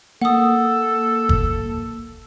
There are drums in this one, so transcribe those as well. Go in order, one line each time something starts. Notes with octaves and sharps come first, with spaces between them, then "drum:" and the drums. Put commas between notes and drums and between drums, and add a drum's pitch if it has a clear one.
A#3 A4 F#5 D#6
drum: kick